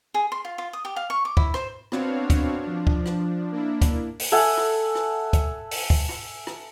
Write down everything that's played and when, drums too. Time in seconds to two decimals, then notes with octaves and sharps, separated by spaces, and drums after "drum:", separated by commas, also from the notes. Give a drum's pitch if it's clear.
0.14 G#4
0.32 C6
0.45 F4
0.58 F4
0.73 D#6
0.85 G4
0.96 F5
1.10 C#6
1.25 D6
1.37 E4, drum: kick D2
1.54 C5, drum: rim click
1.92 B3 C4 D4 F#4 C#5 F5, drum: rim click
2.30 drum: kick D2, hi-hat
2.62 F3 D4
2.87 drum: kick D2
3.06 drum: rim click
3.52 A#3 D4 E4
3.82 drum: kick D2, hi-hat
4.19 drum: open hi-hat
4.32 A4 E5 F#5 G#5
4.57 drum: rim click
4.95 drum: rim click
5.33 drum: kick D2, hi-hat
5.71 drum: open hi-hat
5.90 drum: kick D2
6.09 drum: rim click
6.47 drum: rim click